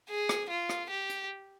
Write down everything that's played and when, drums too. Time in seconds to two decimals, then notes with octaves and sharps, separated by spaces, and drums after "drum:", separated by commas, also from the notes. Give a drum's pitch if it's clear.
0.10 G#4
0.29 drum: rim click
0.50 F4
0.69 drum: rim click
0.90 G4
1.09 drum: hi-hat